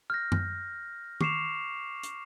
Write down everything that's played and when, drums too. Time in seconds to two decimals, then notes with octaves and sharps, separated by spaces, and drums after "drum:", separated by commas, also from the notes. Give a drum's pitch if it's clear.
0.10 F6 G6 A#6
0.32 drum: tom F#2
1.21 C#6 D6 C7 C#7 E7 F7, drum: tom
2.03 drum: hi-hat